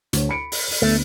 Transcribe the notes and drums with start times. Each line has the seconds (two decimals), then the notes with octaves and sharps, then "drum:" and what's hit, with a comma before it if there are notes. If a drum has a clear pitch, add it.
0.13 D2 C#5, drum: hi-hat
0.29 B5 C#7 D7
0.52 drum: open hi-hat
0.71 drum: open hi-hat
0.82 D2 A3 B3